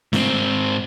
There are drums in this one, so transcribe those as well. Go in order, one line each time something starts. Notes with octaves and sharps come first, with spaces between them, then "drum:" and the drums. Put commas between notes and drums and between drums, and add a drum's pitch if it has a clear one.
G#2 C4, drum: snare